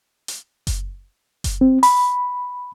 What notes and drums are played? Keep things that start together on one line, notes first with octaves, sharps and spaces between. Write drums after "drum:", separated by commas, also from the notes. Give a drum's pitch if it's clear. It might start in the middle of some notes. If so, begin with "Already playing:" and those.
drum: hi-hat
drum: kick F#1, hi-hat
drum: kick F#1, hi-hat
C4
B5, drum: open hi-hat